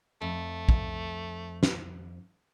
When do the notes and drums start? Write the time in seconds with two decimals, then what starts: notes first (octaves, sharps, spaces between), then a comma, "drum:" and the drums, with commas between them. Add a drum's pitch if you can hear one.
0.22 F2 A3
0.69 drum: kick
1.63 drum: snare